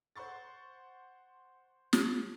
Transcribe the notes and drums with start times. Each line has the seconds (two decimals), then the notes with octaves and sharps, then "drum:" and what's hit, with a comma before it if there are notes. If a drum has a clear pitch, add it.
0.16 C5 F#5 C6 C#6 A6
1.93 drum: snare